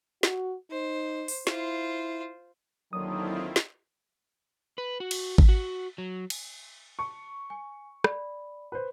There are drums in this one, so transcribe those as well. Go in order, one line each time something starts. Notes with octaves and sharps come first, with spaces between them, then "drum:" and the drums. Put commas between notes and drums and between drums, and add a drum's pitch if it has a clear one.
F#4, drum: snare
D#4 C5
drum: open hi-hat
E4 F4 C5, drum: snare
D#2 D3 D#3 F#3 C4 E4 F4 D#6
drum: snare
B4
F#4
drum: cymbal
drum: kick G#1
F#4
F#3
drum: cymbal
A5 C#6
G#5
D5 B5, drum: rim click
B4 C5